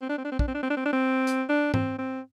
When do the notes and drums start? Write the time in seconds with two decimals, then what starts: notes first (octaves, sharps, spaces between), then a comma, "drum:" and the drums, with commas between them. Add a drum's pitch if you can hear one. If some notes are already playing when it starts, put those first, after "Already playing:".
0.01 C4
0.09 D4
0.18 C4
0.24 D4
0.32 C4
0.39 D4, drum: kick
0.48 C4
0.54 D4
0.63 C4
0.70 D4
0.77 C4
0.85 D4
0.93 C4
1.27 drum: hi-hat
1.49 D4
1.74 C4, drum: tom G#2
1.98 C4